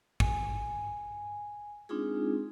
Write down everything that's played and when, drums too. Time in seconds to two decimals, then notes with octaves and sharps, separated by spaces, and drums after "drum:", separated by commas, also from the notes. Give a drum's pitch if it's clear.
0.20 G#5, drum: kick
1.89 G#3 C4 D4 D#4 F4 G#4